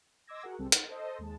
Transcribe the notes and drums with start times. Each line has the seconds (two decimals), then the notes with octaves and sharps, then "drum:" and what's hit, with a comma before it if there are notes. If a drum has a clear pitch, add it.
0.27 D#5 C6 D6 E6 G#6 A#6
0.43 F#4 G#4 A#4 F#5
0.59 C2 G3 G#3 C4 A4
0.72 D#4 A6, drum: hi-hat
0.89 A4 C5 D#5
1.19 D#2 G#3 A5